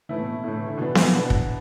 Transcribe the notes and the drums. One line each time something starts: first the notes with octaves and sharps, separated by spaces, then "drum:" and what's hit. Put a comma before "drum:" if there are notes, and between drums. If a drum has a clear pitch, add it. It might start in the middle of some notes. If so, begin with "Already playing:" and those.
A2 E3 A3 E4
B2
B2
A2 D3 A3 E4
E3
D3
B2 E3 B3 D4
E3, drum: snare B3
B2 B3 D4
drum: kick